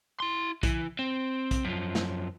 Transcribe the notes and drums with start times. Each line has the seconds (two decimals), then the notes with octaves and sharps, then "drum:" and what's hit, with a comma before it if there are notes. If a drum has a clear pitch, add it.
0.20 E4 C6
0.63 E3, drum: kick B1, hi-hat
0.99 C4
1.51 drum: kick B1, hi-hat
1.65 F#2 F3
1.95 drum: snare